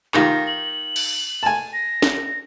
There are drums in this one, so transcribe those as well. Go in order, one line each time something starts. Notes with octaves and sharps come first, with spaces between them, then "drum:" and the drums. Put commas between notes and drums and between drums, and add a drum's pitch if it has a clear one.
D#3 F4 G4 A#6, drum: clap
F#7
drum: cymbal
G#5 A5
A#6
drum: snare